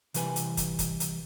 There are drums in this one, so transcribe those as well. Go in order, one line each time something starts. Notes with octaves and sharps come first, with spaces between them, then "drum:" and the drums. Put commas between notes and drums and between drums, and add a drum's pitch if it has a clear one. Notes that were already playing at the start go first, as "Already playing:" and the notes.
C3 E3 G3 B4 G#5, drum: hi-hat
drum: hi-hat
drum: kick, hi-hat
drum: kick, hi-hat
drum: hi-hat